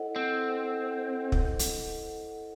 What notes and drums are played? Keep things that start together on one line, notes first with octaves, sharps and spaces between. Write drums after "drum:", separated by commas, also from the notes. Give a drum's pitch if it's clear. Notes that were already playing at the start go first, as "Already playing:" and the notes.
Already playing: E4 A4 C5 D#5 F#5
C4
drum: kick
drum: hi-hat